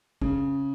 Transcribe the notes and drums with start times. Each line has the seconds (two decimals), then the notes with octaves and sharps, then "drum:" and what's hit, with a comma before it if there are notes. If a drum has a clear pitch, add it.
0.22 C#3, drum: kick